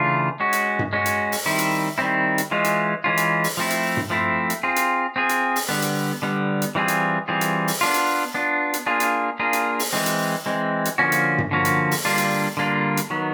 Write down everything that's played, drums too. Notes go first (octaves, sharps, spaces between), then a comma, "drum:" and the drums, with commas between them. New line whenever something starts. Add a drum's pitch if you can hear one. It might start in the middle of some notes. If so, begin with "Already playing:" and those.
Already playing: C#3 E3 A3 D4 F4
G#3 C#4 F#4
drum: hi-hat
drum: tom G2
G#3 C#4 F#4
drum: hi-hat
drum: open hi-hat
D#3 G3 C4 E4
drum: hi-hat
D#3 G3 C4 E4
drum: hi-hat
E3 G#3 C#4 F4
drum: hi-hat
E3 G#3 C#4 F4
drum: hi-hat
drum: open hi-hat
F3 A3 C4 E4
drum: hi-hat
drum: tom G2
F3 A3 C4 E4
drum: hi-hat
C4 F4 G#4
drum: hi-hat
C4 F4 G#4
drum: hi-hat
drum: open hi-hat
D3 G3 B3
drum: hi-hat
D3 G3 B3
drum: hi-hat
E3 G3 C4 F4 G#4
drum: hi-hat
E3 G3 C4 F4 G#4
drum: hi-hat
drum: open hi-hat
B3 D4 F4
drum: hi-hat
B3 D4 F4
drum: hi-hat
A#3 D4 F4 G#4
drum: hi-hat
A#3 D4 F4 G#4
drum: hi-hat
drum: open hi-hat
E3 G#3 C4
drum: hi-hat
E3 G#3 C4
drum: hi-hat
D3 F3 A#3 C#4 F#4
drum: hi-hat
drum: tom G2
D3 F3 A#3 C#4 F#4
drum: hi-hat
drum: open hi-hat
D3 G3 A#3 D4 F4
drum: hi-hat
D3 G3 A#3 D4 F4
drum: hi-hat
D#3 F#3 B3